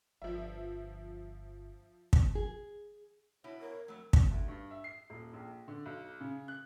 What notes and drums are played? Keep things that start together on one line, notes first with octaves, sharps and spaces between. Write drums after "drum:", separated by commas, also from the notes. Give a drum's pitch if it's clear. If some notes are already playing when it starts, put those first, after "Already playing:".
G1 F3 E5
drum: kick
G#4
B2 E4 C#5
A#4 C#5
F2 F#3 A3
drum: kick
D2
G2
E5
C7
D#1
A#1
D3
B1
C#3
F#6